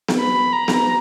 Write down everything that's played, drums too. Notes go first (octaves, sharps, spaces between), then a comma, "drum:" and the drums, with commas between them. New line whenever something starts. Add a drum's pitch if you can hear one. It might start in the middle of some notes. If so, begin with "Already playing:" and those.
drum: snare B3
B5
A#5
drum: snare B3